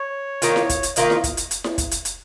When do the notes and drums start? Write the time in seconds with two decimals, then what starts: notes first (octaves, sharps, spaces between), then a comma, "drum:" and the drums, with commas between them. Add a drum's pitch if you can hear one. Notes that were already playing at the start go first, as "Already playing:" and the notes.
Already playing: C#5
0.42 D#3 A#3 F4, drum: hi-hat
0.56 drum: snare E4
0.69 drum: kick, hi-hat
0.83 drum: hi-hat
0.96 D#3 A#3 F4 D#5, drum: hi-hat
1.10 drum: snare E4
1.24 drum: kick, hi-hat
1.37 drum: hi-hat
1.51 drum: hi-hat
1.64 drum: snare E4
1.78 drum: kick, hi-hat
1.91 drum: hi-hat
2.05 drum: hi-hat